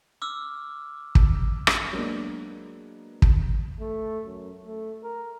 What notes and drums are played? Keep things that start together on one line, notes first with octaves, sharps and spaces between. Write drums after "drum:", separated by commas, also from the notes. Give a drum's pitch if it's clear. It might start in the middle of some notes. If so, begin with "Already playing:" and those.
D6 E6 F6
drum: kick
drum: rim click
F#3 G#3 A#3 B3 D4
drum: kick
A3
F#2
A3
A#4